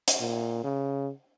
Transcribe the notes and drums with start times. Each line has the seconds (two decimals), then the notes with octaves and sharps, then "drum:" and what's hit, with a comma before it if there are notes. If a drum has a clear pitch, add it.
0.08 drum: hi-hat
0.21 A#2
0.64 C#3